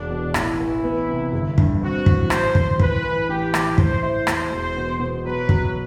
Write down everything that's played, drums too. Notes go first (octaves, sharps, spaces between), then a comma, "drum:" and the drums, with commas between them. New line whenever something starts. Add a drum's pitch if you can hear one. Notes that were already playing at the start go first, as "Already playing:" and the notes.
Already playing: E1 D4
B2
A1 E4, drum: rim click
E3
B3
C3
G1
G2, drum: kick
C4 F#4
A1, drum: kick
F#3 C5, drum: rim click
D2, drum: kick
E3 B4, drum: kick
E3
A1 G4
A2, drum: rim click
A3 C5, drum: kick
E4
E2, drum: rim click
E1
B2
B2
F#3 B4
F#3, drum: kick